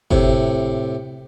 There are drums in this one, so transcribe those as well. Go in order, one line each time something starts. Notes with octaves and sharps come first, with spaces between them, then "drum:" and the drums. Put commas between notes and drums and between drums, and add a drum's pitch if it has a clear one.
A2 C3, drum: kick G1